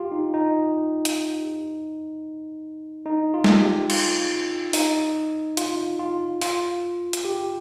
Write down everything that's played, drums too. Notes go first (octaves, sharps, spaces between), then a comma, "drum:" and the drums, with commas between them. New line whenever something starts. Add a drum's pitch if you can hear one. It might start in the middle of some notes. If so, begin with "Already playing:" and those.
Already playing: F4 G4
D#4
D#4
drum: hi-hat
D#4
F4
drum: snare
G4
F4, drum: cymbal
D#4, drum: open hi-hat
F4, drum: hi-hat
F4
F4, drum: open hi-hat
drum: hi-hat
G4